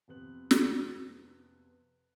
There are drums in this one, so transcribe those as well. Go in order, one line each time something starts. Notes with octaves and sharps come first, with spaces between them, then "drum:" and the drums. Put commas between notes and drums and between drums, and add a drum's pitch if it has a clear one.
F2 C3 B3 C4 F#6 F#7
drum: snare